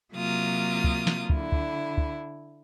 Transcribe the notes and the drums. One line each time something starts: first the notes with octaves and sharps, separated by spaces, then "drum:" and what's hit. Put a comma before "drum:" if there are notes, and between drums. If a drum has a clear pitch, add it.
C3 F#3 A#3 F4 D#6
drum: kick
drum: snare
D3 E4, drum: kick
drum: kick
drum: kick